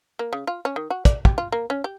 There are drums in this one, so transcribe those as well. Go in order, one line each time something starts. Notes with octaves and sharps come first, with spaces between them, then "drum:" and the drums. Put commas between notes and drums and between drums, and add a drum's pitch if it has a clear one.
A#3
C#3
F4
C#4
D#3
F#4
D5, drum: kick, hi-hat
G4, drum: kick
F4
A#3
C#4
G4